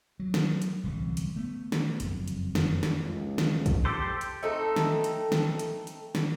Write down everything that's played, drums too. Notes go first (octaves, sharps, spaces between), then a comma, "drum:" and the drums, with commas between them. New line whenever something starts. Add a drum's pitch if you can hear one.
F#3
drum: snare
drum: hi-hat
D1 C2 C#3 E3
drum: hi-hat
A3 B3
drum: snare
F#1 F2, drum: hi-hat
drum: hi-hat
drum: snare
drum: snare
C#2
drum: snare
drum: kick, hi-hat
G4 A4 C5
drum: hi-hat
A3 C4 D#4 A4
drum: snare
drum: hi-hat
drum: snare
drum: hi-hat
drum: hi-hat
drum: snare